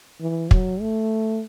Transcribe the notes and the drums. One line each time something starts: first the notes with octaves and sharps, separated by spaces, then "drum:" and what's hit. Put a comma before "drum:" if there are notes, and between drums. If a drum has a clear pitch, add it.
E3
F#3, drum: kick
A3